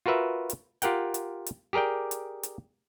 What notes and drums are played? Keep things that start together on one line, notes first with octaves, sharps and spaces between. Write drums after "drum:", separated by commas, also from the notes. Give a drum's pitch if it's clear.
F4 F#4 A#4 B4 E5
drum: hi-hat
F4 G4 A#4 F#5 G5, drum: hi-hat
drum: hi-hat
drum: hi-hat
G4 G#4 A#4 D5 G5
drum: hi-hat
drum: hi-hat